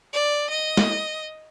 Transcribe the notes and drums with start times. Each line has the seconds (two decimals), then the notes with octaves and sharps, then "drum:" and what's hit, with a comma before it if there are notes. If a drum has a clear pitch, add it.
0.13 D5
0.50 D#5
0.77 drum: snare